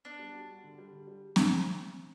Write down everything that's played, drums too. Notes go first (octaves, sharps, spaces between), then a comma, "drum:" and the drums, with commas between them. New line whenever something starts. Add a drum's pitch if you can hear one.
B3 D4
G3
F#4
G3
D3
G3
D3
G3
drum: snare C4